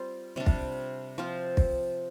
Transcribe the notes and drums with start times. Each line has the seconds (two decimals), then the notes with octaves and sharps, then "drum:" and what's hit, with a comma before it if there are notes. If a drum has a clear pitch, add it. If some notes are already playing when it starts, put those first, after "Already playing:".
Already playing: G3 C4 F4
0.36 C3 G3 D4
0.46 drum: kick
1.18 F3 C4 F4
1.57 drum: kick